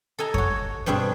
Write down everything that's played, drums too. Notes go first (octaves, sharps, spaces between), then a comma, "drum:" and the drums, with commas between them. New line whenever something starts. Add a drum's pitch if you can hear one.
A4 D#5 G#5 A#5
F#4 C#5, drum: kick F2
G2 B2 C4 D4 G#4